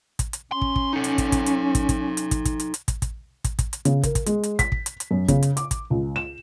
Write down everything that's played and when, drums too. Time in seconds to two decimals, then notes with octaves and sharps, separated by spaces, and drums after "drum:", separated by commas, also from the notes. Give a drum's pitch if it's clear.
0.19 drum: kick, hi-hat
0.33 drum: hi-hat
0.52 C#4 C6
0.61 drum: kick
0.76 drum: kick
0.93 D#4 A4
1.04 drum: hi-hat
1.18 drum: kick, hi-hat
1.32 drum: kick, hi-hat
1.46 drum: hi-hat
1.75 drum: kick, hi-hat
1.89 drum: kick, hi-hat
2.17 drum: hi-hat
2.31 drum: kick, hi-hat
2.45 drum: kick, hi-hat
2.60 drum: hi-hat
2.74 drum: hi-hat
2.88 drum: kick, hi-hat
3.02 drum: kick, hi-hat
3.44 drum: kick, hi-hat
3.59 drum: kick, hi-hat
3.73 drum: hi-hat
3.85 C#3, drum: hi-hat
4.03 A#4, drum: kick, hi-hat
4.15 drum: kick, hi-hat
4.26 G#3, drum: hi-hat
4.43 drum: hi-hat
4.59 B6, drum: kick, hi-hat
4.72 drum: kick
4.86 drum: hi-hat
5.00 drum: hi-hat
5.11 F#2
5.28 C#3, drum: kick, hi-hat
5.43 drum: hi-hat
5.57 D6, drum: hi-hat
5.71 drum: kick, hi-hat
5.90 C#2
6.16 E7